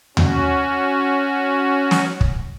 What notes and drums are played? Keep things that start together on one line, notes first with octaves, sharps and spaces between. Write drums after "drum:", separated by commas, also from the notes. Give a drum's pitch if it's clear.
C#4 F#4, drum: tom D#2
drum: snare
drum: kick